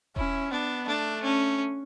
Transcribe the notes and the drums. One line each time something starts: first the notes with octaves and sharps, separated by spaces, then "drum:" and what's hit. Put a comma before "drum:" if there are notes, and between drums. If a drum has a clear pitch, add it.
C#4 E4, drum: kick E1
B3 D4
A3 D4
C#4